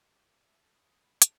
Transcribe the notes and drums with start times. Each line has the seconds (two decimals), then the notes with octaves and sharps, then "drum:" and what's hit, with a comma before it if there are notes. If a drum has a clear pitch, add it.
0.11 G4
0.29 D5
0.44 E5
0.61 A4
0.73 B3
0.86 D#5
1.03 B5
1.22 A5, drum: hi-hat